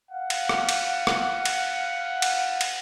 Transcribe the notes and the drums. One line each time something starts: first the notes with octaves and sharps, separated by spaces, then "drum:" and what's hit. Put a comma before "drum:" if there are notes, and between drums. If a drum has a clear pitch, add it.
F5 F#5
drum: cymbal
drum: rim click
drum: cymbal
drum: rim click
drum: cymbal
drum: cymbal
drum: cymbal